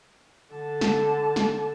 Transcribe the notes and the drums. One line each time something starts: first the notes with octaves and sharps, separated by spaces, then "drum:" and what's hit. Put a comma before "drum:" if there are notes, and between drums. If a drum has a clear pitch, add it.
D3 A5
drum: snare
drum: snare